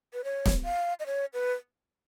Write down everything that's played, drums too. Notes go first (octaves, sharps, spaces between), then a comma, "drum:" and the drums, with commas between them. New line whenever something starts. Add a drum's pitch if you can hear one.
B4
C#5
drum: snare
F5
D#5
C#5
B4